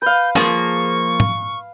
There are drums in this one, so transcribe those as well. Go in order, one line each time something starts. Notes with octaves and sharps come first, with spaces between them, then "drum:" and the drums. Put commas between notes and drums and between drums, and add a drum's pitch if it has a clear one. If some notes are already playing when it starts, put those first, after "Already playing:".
B4 F5 G6
F3 A#3 G#4 C#6, drum: snare
drum: tom